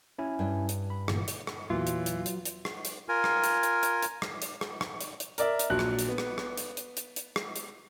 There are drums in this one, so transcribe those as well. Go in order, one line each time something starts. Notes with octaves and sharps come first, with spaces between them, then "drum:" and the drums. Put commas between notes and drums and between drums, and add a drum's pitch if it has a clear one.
C#4 E4 G#5
G2
drum: hi-hat
B5
G1 A#2 E3, drum: rim click
drum: hi-hat
drum: rim click
E2 A#2 E3 F#3 F4
drum: hi-hat
drum: hi-hat
drum: hi-hat
drum: hi-hat
drum: rim click
drum: hi-hat
F4 A#4 G#5
drum: rim click
drum: hi-hat
drum: hi-hat
drum: hi-hat
drum: hi-hat
drum: rim click
drum: hi-hat
drum: rim click
drum: rim click
drum: hi-hat
drum: hi-hat
A#4 D5 E5, drum: hi-hat
drum: hi-hat
A#1 F#3 F#6
drum: rim click
drum: hi-hat
B3
drum: rim click
drum: rim click
drum: hi-hat
drum: hi-hat
drum: hi-hat
drum: hi-hat
drum: rim click
drum: hi-hat